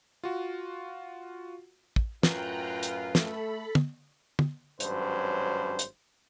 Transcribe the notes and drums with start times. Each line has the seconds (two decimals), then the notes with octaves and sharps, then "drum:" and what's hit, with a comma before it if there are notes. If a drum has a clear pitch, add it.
0.24 F4 F#4
1.96 drum: kick
2.23 F#2 A2 F4 B4 G5 A#5 F#6, drum: snare
2.83 drum: hi-hat
3.15 A3 A4 B5, drum: snare
3.75 drum: tom
4.39 drum: tom
4.80 G#1 G2 F#3 C#4 B4 C5, drum: hi-hat
5.79 drum: hi-hat